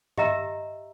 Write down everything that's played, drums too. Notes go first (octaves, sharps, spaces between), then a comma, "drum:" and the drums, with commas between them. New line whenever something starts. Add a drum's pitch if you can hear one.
G4 D#5 E5 A#5 E6, drum: tom G2